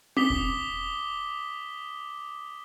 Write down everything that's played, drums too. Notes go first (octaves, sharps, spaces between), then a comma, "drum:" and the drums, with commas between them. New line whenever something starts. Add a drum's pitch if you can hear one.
D6 D#6 B6 G7, drum: tom C4
drum: kick E1